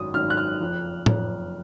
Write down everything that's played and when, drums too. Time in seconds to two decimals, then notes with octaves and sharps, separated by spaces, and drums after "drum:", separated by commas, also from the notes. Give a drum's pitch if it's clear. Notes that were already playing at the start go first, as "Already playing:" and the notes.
Already playing: G#1 F#2 D#3 F#3 D#6
0.14 G#1 F#2 D#3 F#3 F6
0.30 F#6
0.37 F6
0.60 F#1 F2 F3
1.06 F#1 F2 F3, drum: tom A2